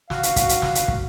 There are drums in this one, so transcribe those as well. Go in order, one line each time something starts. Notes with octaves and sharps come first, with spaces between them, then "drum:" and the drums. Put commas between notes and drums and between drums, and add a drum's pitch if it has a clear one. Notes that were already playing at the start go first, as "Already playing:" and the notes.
F#4 F5, drum: snare
drum: hi-hat
drum: kick, hi-hat
drum: hi-hat
drum: snare
drum: hi-hat
drum: kick